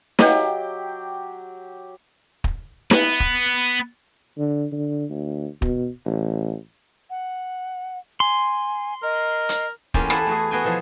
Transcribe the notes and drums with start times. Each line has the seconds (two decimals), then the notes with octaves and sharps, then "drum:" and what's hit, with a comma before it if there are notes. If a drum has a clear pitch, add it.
0.19 F#3 G4 D#5 F5 G5 A#5, drum: snare
2.44 drum: kick
2.91 B3 B4, drum: snare
3.20 drum: kick
4.37 D3
4.72 D3
5.10 D2
5.62 B2, drum: kick
6.05 A1
7.10 F#5
8.20 G#5 C6
9.03 A#4 D#5
9.49 drum: hi-hat
9.94 E2 A#3 C#4 F4 G4, drum: kick
10.10 B3 E4 A4 B4 C5, drum: rim click
10.26 A3 F#4 G#4
10.51 B3 F#4 G#4 G5 G#5
10.64 B2 E3 F3 G#4